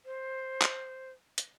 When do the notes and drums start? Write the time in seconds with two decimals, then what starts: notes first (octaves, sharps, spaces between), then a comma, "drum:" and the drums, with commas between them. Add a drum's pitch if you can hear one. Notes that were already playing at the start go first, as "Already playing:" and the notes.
0.06 C5
0.62 drum: clap
1.38 drum: hi-hat